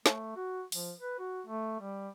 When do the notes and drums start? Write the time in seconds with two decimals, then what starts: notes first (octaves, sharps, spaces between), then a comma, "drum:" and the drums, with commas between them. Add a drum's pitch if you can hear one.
0.06 A3, drum: snare
0.36 F#4
0.72 F3, drum: open hi-hat
1.00 B4
1.19 F#4
1.47 A3
1.80 G3